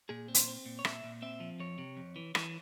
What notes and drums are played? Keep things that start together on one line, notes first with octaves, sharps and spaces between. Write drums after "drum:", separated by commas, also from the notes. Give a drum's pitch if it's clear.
A#2 G#4
C4
C5, drum: hi-hat
C4
A#2
C#5
A#2 E5, drum: rim click
A#2
C4 E5
F3
F2 C#5
C3
F2
E3
E3, drum: rim click